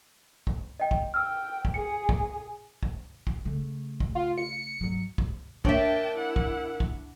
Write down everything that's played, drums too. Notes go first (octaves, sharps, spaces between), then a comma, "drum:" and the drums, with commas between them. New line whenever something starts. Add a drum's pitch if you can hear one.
drum: kick
D#5 G5
drum: kick
G5 E6 F6
drum: kick
G#4 C#7
drum: kick
drum: kick
drum: kick
C#3 A3
drum: kick
F4
C#7
G#2 F#3
drum: kick
A#3 C4 D4 C#5 E5 G5 A5, drum: kick
E4 F#5
drum: kick
drum: kick